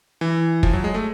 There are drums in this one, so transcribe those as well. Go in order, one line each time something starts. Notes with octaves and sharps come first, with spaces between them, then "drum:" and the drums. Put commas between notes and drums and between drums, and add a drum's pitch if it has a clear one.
E3
F3, drum: kick
F#3
G#3
A3